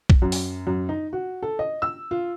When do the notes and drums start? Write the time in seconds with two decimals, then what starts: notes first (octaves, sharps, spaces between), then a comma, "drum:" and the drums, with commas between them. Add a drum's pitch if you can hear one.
0.10 drum: kick
0.22 F#2
0.32 drum: open hi-hat
0.67 F#2
0.89 D#4
1.13 F#4
1.43 A4
1.59 D#5
1.82 E6
2.11 F4